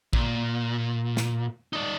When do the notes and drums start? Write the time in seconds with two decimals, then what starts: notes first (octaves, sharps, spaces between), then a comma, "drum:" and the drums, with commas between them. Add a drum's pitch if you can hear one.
0.13 A#2, drum: kick A1
1.17 drum: snare
1.73 D#4 D5